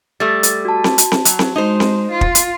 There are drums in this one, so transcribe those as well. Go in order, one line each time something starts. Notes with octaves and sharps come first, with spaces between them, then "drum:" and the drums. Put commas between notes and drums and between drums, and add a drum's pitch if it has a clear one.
G3 A3 A6
drum: hi-hat
F#4 A5
drum: snare C4
drum: hi-hat
drum: snare C4
F#3, drum: hi-hat
drum: snare C4
G#3 D#4 C5
drum: snare C4
F4
drum: kick
drum: hi-hat